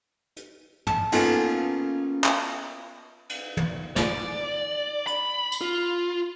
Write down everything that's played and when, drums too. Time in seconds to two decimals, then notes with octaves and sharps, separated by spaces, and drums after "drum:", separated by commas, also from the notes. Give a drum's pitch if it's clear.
0.36 drum: hi-hat
0.87 A5, drum: tom
1.12 A#3 B3 C#4 D#4 F4 A4, drum: cymbal
2.24 drum: clap
3.29 drum: cymbal
3.57 drum: tom
3.96 D5, drum: snare
5.07 B5, drum: hi-hat
5.52 drum: tambourine
5.61 F4